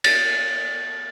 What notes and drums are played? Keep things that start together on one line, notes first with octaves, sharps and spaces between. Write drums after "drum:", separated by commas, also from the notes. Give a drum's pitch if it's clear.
A6, drum: cymbal